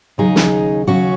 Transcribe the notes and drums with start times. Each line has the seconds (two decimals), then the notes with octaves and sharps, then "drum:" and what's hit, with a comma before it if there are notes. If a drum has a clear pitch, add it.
0.18 D#2 C#3 F#3 D#4 G#4
0.36 drum: snare
0.87 D#2 C#3 F#3 C#4 F#4